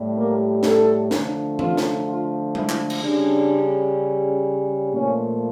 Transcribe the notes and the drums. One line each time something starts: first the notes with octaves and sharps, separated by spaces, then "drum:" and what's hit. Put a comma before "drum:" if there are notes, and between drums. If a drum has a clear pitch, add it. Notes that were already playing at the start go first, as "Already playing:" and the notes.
Already playing: A2 G3
A#3
A4, drum: snare
D3 F3 A3, drum: snare
F4, drum: tom E3
drum: snare
F4
E4, drum: tom G#3
drum: clap
drum: cymbal
C#3 G3 D4
A#2 F3 A3 C#4